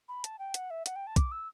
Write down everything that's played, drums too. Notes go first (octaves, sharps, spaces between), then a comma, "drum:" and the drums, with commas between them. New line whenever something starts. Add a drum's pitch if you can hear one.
B5
A5, drum: hi-hat
G5
F#5, drum: hi-hat
E5
F#5, drum: hi-hat
G5
A5
D6, drum: kick, hi-hat
E6